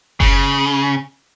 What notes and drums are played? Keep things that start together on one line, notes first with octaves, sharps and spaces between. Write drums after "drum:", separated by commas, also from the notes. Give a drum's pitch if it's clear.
C#3, drum: kick F#1